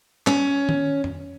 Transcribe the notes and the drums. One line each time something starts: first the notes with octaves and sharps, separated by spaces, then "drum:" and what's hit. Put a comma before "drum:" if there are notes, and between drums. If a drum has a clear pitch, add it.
C#4, drum: clap
drum: tom D#3
drum: tom F2